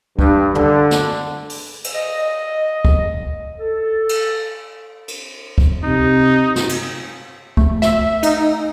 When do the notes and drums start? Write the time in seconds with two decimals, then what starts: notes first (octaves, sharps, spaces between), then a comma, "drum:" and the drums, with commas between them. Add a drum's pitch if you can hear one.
0.19 G2, drum: kick
0.55 D3, drum: tom
0.91 drum: snare
1.50 drum: open hi-hat
1.84 drum: cymbal
1.95 D#5
2.85 drum: kick
3.59 A4
4.09 drum: cymbal
5.08 drum: cymbal
5.58 drum: kick
5.84 C3 D#4
6.56 drum: snare
6.69 drum: cymbal
7.57 A3, drum: kick
7.82 E5, drum: snare
8.23 D#4, drum: cymbal